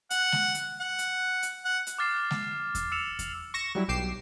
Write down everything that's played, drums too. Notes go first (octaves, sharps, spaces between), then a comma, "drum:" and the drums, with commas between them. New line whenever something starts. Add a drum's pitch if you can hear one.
F#5, drum: hi-hat
drum: snare G#3
drum: hi-hat
F#5
drum: hi-hat
drum: hi-hat
F#5
drum: hi-hat
D6 F6 A6 C7 E7
drum: snare G#3
drum: kick E2, hi-hat
E6 C#7 E7 F7
drum: kick E2, hi-hat
C#6 A#6 E7
F#3 G3 E4
B1 G4 D6 C7 E7